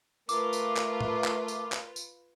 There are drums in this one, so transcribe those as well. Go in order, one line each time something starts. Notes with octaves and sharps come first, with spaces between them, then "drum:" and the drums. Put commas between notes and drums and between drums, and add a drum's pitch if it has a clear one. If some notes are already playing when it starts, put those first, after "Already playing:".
A3 F4 A#4 B4 D6, drum: tambourine
drum: tambourine
drum: clap
drum: tom A2
drum: clap
drum: tambourine
drum: clap
drum: tambourine